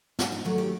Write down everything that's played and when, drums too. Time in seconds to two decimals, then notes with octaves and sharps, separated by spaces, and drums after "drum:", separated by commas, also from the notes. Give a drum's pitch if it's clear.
0.19 G#2 D4, drum: snare
0.32 D#4
0.45 D#3 F#3 A3 F#4
0.58 G4